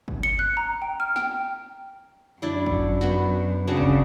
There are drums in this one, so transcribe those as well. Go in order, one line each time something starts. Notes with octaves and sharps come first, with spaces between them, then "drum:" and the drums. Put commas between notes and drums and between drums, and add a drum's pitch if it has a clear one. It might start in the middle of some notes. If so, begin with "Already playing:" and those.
drum: kick
C#7
F#6
A#5
G5
F6
G5, drum: snare
F#2 D4 E4 D5
drum: kick
B3 F#4, drum: snare
C#3 C4 D4 F#4
drum: kick